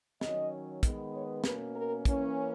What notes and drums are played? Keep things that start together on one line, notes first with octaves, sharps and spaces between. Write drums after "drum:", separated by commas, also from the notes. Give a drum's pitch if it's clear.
D#3 F#3 C#4 D#5, drum: snare
D#3 G#3 B3, drum: kick, hi-hat
C#5
B2 A#3 C#4 B4, drum: snare
A#4
E3 A#3 C#4, drum: kick, hi-hat